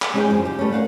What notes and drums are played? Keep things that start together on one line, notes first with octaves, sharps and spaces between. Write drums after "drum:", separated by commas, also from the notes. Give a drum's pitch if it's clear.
drum: clap
G#3 C#4 D#4 G#4 C#5 G5
F#2 F3
C#3 G4
G3 A3 B3 C#4
A#4 C#5 F5 F#5